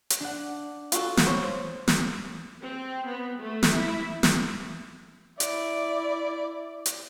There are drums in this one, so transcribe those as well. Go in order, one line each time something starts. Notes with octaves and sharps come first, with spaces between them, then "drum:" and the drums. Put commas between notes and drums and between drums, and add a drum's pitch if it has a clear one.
drum: hi-hat
D4 F#5
F4 F#4 A4, drum: hi-hat
drum: snare
C5 C#5
drum: snare
C4
B3
A3
drum: snare
E4
drum: snare
E4 D5, drum: hi-hat
drum: hi-hat